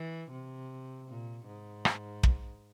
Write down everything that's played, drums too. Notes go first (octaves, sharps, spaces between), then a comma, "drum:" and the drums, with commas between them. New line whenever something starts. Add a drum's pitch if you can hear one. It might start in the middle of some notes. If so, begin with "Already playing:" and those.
Already playing: E3
C3
A#2
G#2
drum: rim click
drum: kick